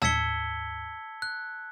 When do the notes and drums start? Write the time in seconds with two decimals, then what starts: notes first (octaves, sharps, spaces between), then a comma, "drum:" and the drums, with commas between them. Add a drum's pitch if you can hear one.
0.02 A5 E6 G#6 B6 C#7 G7, drum: tom
1.22 F#6